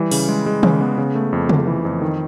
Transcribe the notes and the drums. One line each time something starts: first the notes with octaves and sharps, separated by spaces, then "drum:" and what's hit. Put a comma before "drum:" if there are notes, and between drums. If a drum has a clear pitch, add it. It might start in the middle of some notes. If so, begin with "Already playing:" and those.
Already playing: E3 G3
C#3, drum: open hi-hat
G#3
G#3
C#3, drum: tom
B3
C#3
A3
F2
F2, drum: tom
E3
F2
D#3